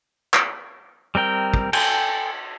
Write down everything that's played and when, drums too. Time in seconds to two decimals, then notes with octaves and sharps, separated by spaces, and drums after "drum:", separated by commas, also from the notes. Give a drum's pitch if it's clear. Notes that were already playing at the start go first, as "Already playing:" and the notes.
0.34 drum: clap
1.15 G3 C4 A#4 G5
1.54 drum: kick
1.73 A4 G5 G#5, drum: cymbal